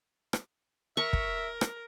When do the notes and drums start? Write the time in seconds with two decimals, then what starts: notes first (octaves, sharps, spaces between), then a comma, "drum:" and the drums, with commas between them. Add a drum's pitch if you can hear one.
0.33 drum: rim click
0.97 A#4 E5 C#6
1.13 drum: kick
1.61 drum: rim click